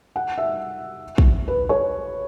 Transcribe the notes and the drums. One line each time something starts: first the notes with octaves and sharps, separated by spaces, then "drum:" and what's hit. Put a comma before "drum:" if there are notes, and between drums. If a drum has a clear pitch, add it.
F#5
E5
drum: kick
B4
C#5